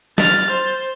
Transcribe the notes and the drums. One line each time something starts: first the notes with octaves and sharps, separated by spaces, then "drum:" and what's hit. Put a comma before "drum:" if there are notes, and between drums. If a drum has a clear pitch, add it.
F6 A6, drum: snare
C5